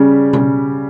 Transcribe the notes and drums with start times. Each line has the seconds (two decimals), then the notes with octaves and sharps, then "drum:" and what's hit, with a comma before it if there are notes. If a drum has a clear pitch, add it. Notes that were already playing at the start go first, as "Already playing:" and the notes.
Already playing: C#3 G3
0.33 C#3, drum: tom B2